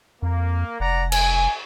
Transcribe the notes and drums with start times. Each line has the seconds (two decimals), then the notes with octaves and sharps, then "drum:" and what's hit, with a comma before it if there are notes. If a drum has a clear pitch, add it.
0.22 F2 A#3
0.80 F1 D5 F#5 A#5
1.12 G#5, drum: cymbal